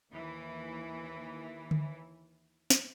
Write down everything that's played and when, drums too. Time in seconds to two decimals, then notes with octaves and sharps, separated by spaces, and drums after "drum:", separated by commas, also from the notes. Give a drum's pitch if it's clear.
0.12 D#2 E3
1.71 drum: tom D3
2.70 drum: snare